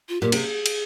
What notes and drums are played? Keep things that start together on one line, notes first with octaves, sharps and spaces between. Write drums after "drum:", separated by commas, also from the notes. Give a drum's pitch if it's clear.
F4
A#2 G4
C3 G#4, drum: cymbal
drum: cymbal